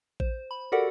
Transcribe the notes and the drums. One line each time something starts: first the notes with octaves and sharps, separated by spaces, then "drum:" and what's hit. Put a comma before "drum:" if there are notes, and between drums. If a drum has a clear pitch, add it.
C5, drum: kick A#1
B5
F#4 G4 A4 A#4 D5 F#5